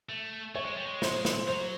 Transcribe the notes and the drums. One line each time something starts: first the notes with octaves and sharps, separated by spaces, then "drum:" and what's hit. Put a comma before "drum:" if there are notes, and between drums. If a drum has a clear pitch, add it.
A3
A3 C#5
G#3
G3
G#3
C5, drum: snare
drum: snare
F#3 C5